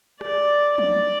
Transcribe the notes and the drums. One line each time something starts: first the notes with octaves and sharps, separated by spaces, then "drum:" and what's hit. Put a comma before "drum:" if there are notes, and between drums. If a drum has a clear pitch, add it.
D5, drum: rim click
D5, drum: tom